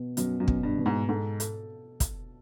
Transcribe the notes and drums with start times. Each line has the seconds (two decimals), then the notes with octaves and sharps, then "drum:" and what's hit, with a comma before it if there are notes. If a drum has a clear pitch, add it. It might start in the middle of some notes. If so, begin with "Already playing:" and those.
Already playing: B2 B3
0.17 F#2 B2, drum: hi-hat
0.40 F#2
0.48 B2, drum: kick
0.63 G2
0.78 B2
0.86 G#2
1.09 G#2 A4
1.40 A4, drum: hi-hat
2.00 drum: kick, hi-hat